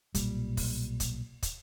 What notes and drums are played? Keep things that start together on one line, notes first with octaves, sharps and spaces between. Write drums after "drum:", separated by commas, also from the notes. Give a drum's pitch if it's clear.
B1 A#2 G3, drum: kick, hi-hat
drum: kick, open hi-hat
drum: kick, hi-hat
drum: kick, hi-hat